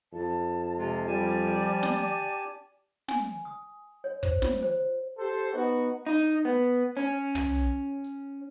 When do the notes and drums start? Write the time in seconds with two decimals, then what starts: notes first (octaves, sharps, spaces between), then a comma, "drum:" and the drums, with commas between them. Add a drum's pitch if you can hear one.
0.13 F2 A5
0.78 C3 G#3 F4
1.07 F3 G3 G4 D5 G#5 A5
1.83 drum: snare
3.08 G#5, drum: snare
3.45 D#6
4.04 C#5
4.23 C5, drum: kick
4.42 F4, drum: snare
4.63 C5
5.18 G4 A4 C5
5.52 B3 D#4 F#4
6.06 D#4
6.18 drum: hi-hat
6.45 B3
6.97 C#4
7.35 drum: tom
8.04 drum: hi-hat